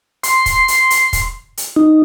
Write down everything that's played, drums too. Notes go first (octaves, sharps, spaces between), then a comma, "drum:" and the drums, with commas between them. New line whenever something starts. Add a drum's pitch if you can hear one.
C6, drum: hi-hat
drum: kick, hi-hat
drum: hi-hat
drum: hi-hat
drum: kick, hi-hat
drum: hi-hat
D#4